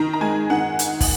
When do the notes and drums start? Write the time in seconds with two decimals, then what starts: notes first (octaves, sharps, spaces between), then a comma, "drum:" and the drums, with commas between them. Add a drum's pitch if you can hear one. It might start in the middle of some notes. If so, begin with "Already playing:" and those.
Already playing: D#3 A#5
0.13 A#5
0.21 G#3 G#5
0.50 D#3 F#5
0.79 drum: hi-hat
1.01 drum: kick, open hi-hat